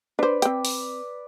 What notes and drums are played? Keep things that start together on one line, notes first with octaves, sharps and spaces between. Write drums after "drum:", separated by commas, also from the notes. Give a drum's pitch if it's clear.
D4 B4 C5 D5
C4 G5, drum: hi-hat
drum: open hi-hat